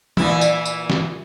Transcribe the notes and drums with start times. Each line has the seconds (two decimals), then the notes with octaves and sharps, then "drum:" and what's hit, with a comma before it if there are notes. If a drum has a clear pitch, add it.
0.17 A#2 E3 E4, drum: tom
0.41 drum: tambourine
0.65 drum: tambourine
0.90 drum: snare